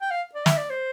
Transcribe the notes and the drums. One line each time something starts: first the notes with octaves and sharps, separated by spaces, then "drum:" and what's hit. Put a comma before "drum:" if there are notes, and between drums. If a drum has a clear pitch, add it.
G5
F5
D5
E5, drum: snare
D5
C5